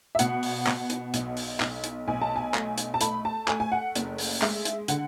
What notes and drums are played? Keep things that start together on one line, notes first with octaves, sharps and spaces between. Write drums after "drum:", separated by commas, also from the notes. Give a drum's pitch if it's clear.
E5
B2 F#5, drum: hi-hat
drum: open hi-hat
B2, drum: clap
drum: hi-hat
B1, drum: hi-hat
drum: open hi-hat
B1, drum: clap
drum: hi-hat
B1 G#5
A5
G#5
A3, drum: clap
drum: hi-hat
A5
A3 B5, drum: hi-hat
A5
A3 G#5, drum: clap
G#5
F#5
F#1, drum: hi-hat
drum: open hi-hat
G#3 E5, drum: clap
drum: hi-hat
D3 F#5, drum: hi-hat